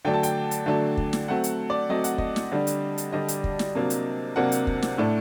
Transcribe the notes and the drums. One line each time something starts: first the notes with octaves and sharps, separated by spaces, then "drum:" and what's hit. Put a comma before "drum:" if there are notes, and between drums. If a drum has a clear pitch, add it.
D3 F#3 A3 D4 G5
A5
G5, drum: hi-hat
drum: hi-hat
D3 F#3 A3 D4
drum: kick
drum: snare
F#3 A3 C4 F#5
drum: hi-hat
D5
F#3 A3 C4 D#5
F#5, drum: hi-hat
D#5, drum: kick
drum: snare
D3 G3 D4
drum: hi-hat
drum: hi-hat
D3 G3 D4 D#5
drum: hi-hat
drum: kick
drum: snare
C3 F#3 A#3 D4
drum: hi-hat
C3 F#3 A#3 D4 F#5
drum: hi-hat
drum: kick
drum: snare
A2 A3 D4